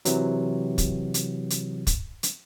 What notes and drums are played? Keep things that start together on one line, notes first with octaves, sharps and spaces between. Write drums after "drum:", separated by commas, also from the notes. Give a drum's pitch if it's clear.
C3 E3 F#3, drum: hi-hat
drum: kick, hi-hat
drum: hi-hat
drum: hi-hat
drum: kick, hi-hat
drum: hi-hat